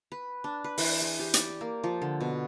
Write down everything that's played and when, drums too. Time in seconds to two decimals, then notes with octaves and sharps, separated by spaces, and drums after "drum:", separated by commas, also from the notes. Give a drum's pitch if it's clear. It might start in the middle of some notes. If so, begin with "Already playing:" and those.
0.12 B4
0.44 D4
0.64 B4
0.78 E3, drum: open hi-hat
1.01 G#4
1.19 G4
1.34 D5, drum: hi-hat
1.61 A#3
1.84 F3
2.02 D3
2.21 B2